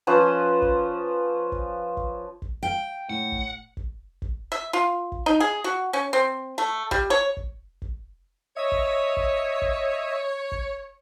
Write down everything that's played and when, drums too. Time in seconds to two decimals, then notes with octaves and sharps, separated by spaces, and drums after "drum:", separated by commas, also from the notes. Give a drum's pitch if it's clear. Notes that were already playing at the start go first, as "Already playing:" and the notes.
0.07 F3 C#4 B4 C5
0.62 drum: kick
1.52 drum: kick
1.97 drum: kick
2.42 drum: kick
2.63 F5 G5
3.09 A2 F#5
3.32 drum: kick
3.77 drum: kick
4.22 drum: kick
4.52 E5
4.73 F4
5.12 drum: kick
5.26 D#4
5.40 G#4
5.64 F#4
5.93 C#4
6.13 C4
6.58 A3
6.91 G3, drum: kick
7.10 C#5
7.37 drum: kick
7.82 drum: kick
8.57 C#5 D#5 E5
8.72 drum: kick
9.17 drum: kick
9.62 drum: kick
10.52 drum: kick